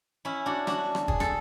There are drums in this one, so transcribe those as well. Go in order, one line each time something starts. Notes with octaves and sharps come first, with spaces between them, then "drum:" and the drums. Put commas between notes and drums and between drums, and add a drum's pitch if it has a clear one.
C#4 E4
D4 F#4
D4 F#4, drum: rim click
drum: rim click
G#4, drum: kick
A4, drum: rim click